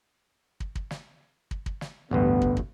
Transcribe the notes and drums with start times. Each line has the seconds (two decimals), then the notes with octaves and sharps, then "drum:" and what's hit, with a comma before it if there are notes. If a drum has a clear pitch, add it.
0.60 drum: kick
0.75 drum: kick
0.91 drum: snare
1.51 drum: kick
1.66 drum: kick
1.81 drum: snare
2.11 A1 D2 G2 B3
2.42 drum: kick
2.57 drum: kick